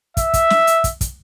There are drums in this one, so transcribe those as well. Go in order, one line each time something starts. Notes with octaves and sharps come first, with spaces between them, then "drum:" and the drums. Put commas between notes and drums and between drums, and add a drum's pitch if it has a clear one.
E5, drum: kick, hi-hat
drum: kick, hi-hat
drum: snare
drum: hi-hat
drum: kick, hi-hat
drum: kick, hi-hat